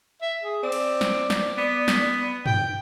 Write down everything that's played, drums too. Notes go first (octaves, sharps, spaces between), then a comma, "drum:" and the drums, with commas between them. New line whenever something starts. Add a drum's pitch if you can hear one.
E5
G#4
C4 D5
drum: cymbal
drum: snare
drum: snare
B3
drum: snare
G5, drum: tom G2